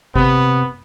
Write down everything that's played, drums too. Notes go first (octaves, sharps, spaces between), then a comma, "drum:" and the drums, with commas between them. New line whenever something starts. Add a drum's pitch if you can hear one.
C3 B3, drum: kick G1